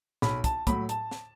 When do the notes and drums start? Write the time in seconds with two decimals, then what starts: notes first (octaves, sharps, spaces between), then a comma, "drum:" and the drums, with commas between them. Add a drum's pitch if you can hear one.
0.22 B1 B5, drum: snare
0.44 A5, drum: kick, hi-hat
0.67 A2 F#3 B5, drum: kick, hi-hat
0.89 A5, drum: hi-hat
1.11 drum: snare